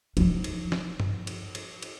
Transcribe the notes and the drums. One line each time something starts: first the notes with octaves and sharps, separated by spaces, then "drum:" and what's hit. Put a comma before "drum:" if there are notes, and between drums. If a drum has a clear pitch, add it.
F3 D#4, drum: cymbal
drum: cymbal
drum: snare
drum: tom G2
drum: cymbal
drum: cymbal
drum: cymbal